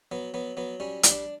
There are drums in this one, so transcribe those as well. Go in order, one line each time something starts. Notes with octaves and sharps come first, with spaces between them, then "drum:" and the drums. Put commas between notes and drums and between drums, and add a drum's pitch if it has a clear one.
F#3 B3
F#3 B3
F#3 B3
G3 C#4
G3, drum: hi-hat
D4